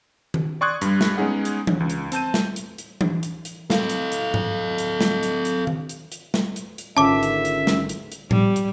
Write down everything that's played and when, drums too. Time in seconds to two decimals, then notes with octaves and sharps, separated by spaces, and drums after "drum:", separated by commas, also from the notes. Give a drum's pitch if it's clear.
0.34 drum: tom D#3
0.61 D5 C6 C#6 D#6 F#6 G#6
0.81 G2 G3, drum: hi-hat
1.01 drum: snare
1.17 G#3 B3 C#4 D#4 G#4 F#5
1.45 drum: hi-hat
1.67 drum: tom E3
1.80 C#2
1.90 drum: hi-hat
2.12 C4 A5 G6 D#7, drum: hi-hat
2.34 drum: snare
2.56 drum: hi-hat
2.78 drum: hi-hat
3.01 drum: tom E3
3.23 drum: hi-hat
3.45 drum: hi-hat
3.70 A4 F5, drum: snare
3.90 drum: hi-hat
4.12 drum: hi-hat
4.34 drum: tom G2
4.78 drum: hi-hat
5.01 drum: snare
5.23 drum: hi-hat
5.45 drum: hi-hat
5.67 drum: tom D#3
5.89 drum: hi-hat
6.12 drum: hi-hat
6.34 drum: snare
6.56 drum: hi-hat
6.78 drum: hi-hat
6.97 G#1 G#2 D3 C#4 F4 E5 A5 D6
7.23 drum: hi-hat
7.45 drum: hi-hat
7.67 drum: snare
7.89 drum: hi-hat
8.12 drum: hi-hat
8.31 G3, drum: tom A2
8.56 drum: hi-hat